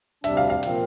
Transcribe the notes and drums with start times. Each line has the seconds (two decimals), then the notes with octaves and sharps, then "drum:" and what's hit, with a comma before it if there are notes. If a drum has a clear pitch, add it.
0.24 D2 C3 G3 D4 E5, drum: hi-hat
0.37 F5
0.50 F5
0.63 A#2 F3 C4, drum: hi-hat